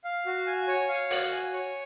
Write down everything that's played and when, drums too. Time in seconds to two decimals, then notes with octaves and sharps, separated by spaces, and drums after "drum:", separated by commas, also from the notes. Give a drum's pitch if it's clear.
0.04 F5
0.26 F#4
0.47 G#5
0.68 C#5
0.89 F5
1.11 F#4, drum: open hi-hat
1.32 G#5
1.53 C#5